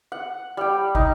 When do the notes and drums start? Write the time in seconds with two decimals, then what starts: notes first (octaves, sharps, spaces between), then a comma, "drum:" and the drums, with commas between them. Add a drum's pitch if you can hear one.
0.12 F#5
0.57 G3 G5
0.95 D#4, drum: kick